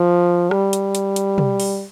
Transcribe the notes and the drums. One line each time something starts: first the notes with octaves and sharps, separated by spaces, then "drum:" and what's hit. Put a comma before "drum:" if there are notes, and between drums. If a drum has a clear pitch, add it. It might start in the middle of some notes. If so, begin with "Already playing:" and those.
Already playing: F3
G3, drum: rim click
drum: hi-hat
drum: hi-hat
drum: hi-hat
drum: tom
drum: open hi-hat